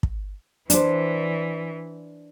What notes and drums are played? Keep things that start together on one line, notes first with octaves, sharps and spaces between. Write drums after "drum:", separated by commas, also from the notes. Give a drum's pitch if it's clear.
drum: kick
E3 D4 C5, drum: hi-hat